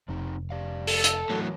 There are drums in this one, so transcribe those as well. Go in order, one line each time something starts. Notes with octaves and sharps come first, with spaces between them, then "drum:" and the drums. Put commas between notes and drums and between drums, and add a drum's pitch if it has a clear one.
F1 F3 C4 D#4
G4 D5 F5
A4, drum: open hi-hat
drum: hi-hat
A2 E3 F#3 A#4 C#5